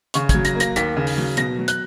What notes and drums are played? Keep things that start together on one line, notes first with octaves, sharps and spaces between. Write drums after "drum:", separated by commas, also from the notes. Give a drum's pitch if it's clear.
C#3 C#6, drum: hi-hat
G#6, drum: kick, hi-hat
F#3
A#6, drum: hi-hat
A#3
A#6, drum: hi-hat
D#2 B6, drum: hi-hat
C#3
drum: open hi-hat
F#3
B2 A#6, drum: hi-hat
F#3
F#6, drum: hi-hat